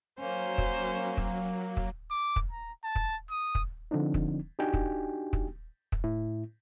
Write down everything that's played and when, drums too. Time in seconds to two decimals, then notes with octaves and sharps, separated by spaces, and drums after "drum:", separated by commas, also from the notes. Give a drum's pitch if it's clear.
0.20 F#3 A#3 C#4 C5
0.58 drum: kick
1.17 drum: kick
1.77 drum: kick
2.10 D6
2.36 drum: kick
2.51 A#5
2.84 A5
2.95 drum: kick
3.30 D#6
3.55 drum: kick
3.91 D3 F3 C4 D4 D#4
4.14 drum: kick
4.59 D4 D#4 F#4 G4 G5 G#5
4.74 drum: kick
5.33 drum: kick
5.92 drum: kick
6.04 A2 E4